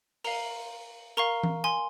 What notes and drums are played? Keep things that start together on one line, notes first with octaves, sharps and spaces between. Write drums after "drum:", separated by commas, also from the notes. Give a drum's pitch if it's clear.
A#4 F5 A#5, drum: open hi-hat
A#4 F5 A#5 C#6
drum: tom E3
G#5 C6